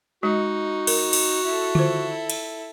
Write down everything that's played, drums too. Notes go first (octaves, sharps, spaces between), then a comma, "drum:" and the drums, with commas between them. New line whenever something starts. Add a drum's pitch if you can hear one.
G#3 D#4 F#4
A#4, drum: cymbal
drum: cymbal
E4 A4
F4 C5, drum: tom D3
drum: cymbal